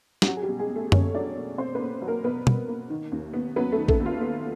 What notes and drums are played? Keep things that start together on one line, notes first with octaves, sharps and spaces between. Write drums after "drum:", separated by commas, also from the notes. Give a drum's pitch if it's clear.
G4, drum: snare
F#3 F#4
G#4
G3 G4
B2
G#3 G#4
B2
A3 A4
A#3 C#4 C#5, drum: tom F#2
F#3 D4 D5
B2
B2 C4 C5
B3 B4
A#3
F#3
A#3 A#4
B2 B3 B4
B2, drum: tom B2
A#3
D#3
D#2
B3
F#3 B3 B4
A3 A4
D#3
A3 A4, drum: kick A1
D#2
F4
B3